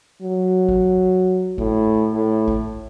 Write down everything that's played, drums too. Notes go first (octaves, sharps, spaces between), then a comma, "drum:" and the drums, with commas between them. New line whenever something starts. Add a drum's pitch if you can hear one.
F#3
drum: kick G#1
A2, drum: kick G#1
A2
drum: kick G#1